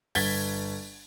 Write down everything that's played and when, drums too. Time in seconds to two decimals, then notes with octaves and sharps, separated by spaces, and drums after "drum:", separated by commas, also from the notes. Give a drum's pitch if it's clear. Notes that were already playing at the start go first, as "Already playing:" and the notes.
0.15 G1 G#6 A6 B6 G7, drum: open hi-hat